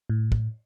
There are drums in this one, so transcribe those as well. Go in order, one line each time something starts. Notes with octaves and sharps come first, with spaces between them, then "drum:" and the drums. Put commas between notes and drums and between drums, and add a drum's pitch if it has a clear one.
A2
drum: kick